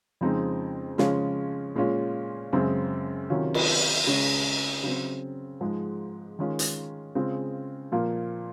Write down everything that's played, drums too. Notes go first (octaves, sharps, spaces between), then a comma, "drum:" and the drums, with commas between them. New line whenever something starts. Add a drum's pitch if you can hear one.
F2 C#3 G#3 C4 D#4
C#3 F3 G#3 C#4 F4, drum: snare
A#2 G#3 C#4 F4
F#2 C#3 G#3 C4
C3 D#3 F#3 C#4 F4
drum: cymbal
C#3 G#3 C#4
C#3 F#3 C4
G#2 F3 G#3
D#3 G#3 C#4 F4
drum: hi-hat
C#3 G#3 C4 F4
A#2 F3 A#3 F4